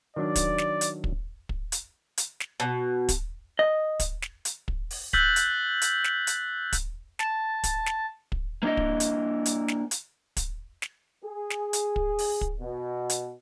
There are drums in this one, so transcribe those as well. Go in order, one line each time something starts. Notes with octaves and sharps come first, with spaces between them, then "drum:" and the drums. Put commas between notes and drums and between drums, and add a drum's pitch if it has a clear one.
D#3 F#3 D4 D5
drum: kick, hi-hat
drum: snare
drum: hi-hat
drum: kick
drum: kick
drum: hi-hat
drum: hi-hat
drum: snare
B2
drum: kick, hi-hat
D#5
drum: kick, hi-hat
drum: snare
drum: hi-hat
drum: kick
drum: open hi-hat
E6 F#6 G6 A6 B6 F#7, drum: kick
drum: hi-hat
drum: hi-hat
drum: snare
drum: hi-hat
drum: kick, hi-hat
A5, drum: snare
drum: kick, hi-hat
drum: snare
drum: kick
A#3 D4 E4 D#5
drum: kick
drum: hi-hat
drum: hi-hat
drum: snare
drum: hi-hat
drum: kick, hi-hat
drum: snare
G#4
drum: snare
drum: hi-hat
drum: kick
drum: open hi-hat
drum: kick
B2
drum: hi-hat